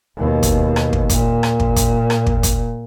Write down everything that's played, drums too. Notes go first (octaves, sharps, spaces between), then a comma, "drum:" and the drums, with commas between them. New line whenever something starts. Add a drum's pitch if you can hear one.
D#2 B2
drum: kick, hi-hat
drum: rim click
drum: kick
A#2, drum: kick, hi-hat
drum: rim click
drum: kick
drum: kick, hi-hat
drum: rim click
drum: kick
drum: kick, hi-hat